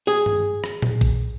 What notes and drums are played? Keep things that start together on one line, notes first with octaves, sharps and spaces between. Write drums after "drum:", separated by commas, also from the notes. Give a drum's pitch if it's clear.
G#4
drum: tom G2
drum: rim click
drum: tom A#2
drum: kick, hi-hat